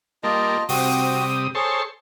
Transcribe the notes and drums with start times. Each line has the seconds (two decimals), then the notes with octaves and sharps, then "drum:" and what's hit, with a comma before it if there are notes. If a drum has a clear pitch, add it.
0.24 G3 A#3 F4 D#5 A5
0.69 C3 G3 C4 F#4 D#6, drum: open hi-hat
1.55 G#4 A4 C5 C#5